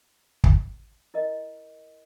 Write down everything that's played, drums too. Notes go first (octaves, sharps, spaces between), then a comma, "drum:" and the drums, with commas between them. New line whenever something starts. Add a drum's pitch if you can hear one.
drum: kick
E4 A#4 D#5